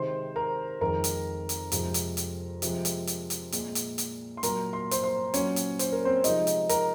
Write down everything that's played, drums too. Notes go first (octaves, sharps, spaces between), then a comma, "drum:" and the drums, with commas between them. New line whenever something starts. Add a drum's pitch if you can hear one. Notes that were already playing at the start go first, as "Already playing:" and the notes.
Already playing: C3 D#3 G#3 C5 C6
A#4 A#5
F2 D#3 G#3 A#4 A#5
drum: hi-hat
drum: hi-hat
F2 C3 F3 G#3, drum: hi-hat
drum: hi-hat
drum: hi-hat
C3 F3 G#3, drum: hi-hat
drum: hi-hat
drum: hi-hat
drum: hi-hat
A#2 G#3, drum: hi-hat
drum: hi-hat
drum: hi-hat
C6
A#2 F#3 A#4 A#5, drum: hi-hat
C6
C5 C6, drum: hi-hat
C5 C6
A#2 F#3 C#4 C#5, drum: hi-hat
drum: hi-hat
C5, drum: hi-hat
A#4
C4 C5
C3 F3 G#3 D#4 D#5, drum: hi-hat
drum: hi-hat
A#4 A#5, drum: hi-hat